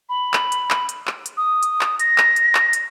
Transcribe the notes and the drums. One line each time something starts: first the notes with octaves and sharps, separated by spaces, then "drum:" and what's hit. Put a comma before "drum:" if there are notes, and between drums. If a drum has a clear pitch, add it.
B5
drum: clap
drum: hi-hat
drum: clap
drum: hi-hat
drum: clap
drum: hi-hat
D#6
drum: hi-hat
drum: clap
A#6, drum: hi-hat
drum: clap
drum: hi-hat
drum: clap
drum: hi-hat